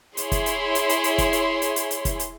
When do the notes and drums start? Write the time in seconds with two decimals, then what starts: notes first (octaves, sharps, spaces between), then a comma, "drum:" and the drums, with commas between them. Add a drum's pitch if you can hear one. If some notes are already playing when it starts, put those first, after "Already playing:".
0.17 E4 G#4 C#5 C6, drum: hi-hat
0.32 drum: kick, hi-hat
0.46 drum: hi-hat
0.75 drum: hi-hat
0.89 drum: hi-hat
1.04 drum: hi-hat
1.18 drum: kick, hi-hat
1.33 drum: hi-hat
1.62 drum: hi-hat
1.76 drum: hi-hat
1.91 drum: hi-hat
2.05 drum: kick, hi-hat
2.19 drum: hi-hat